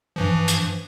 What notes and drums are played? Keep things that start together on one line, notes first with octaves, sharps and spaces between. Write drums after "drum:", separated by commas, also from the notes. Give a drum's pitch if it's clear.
G2 E3 F3
drum: hi-hat